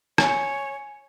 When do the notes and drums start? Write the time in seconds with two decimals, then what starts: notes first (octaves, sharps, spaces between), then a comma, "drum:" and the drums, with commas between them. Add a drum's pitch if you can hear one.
0.18 C#5 G#5, drum: rim click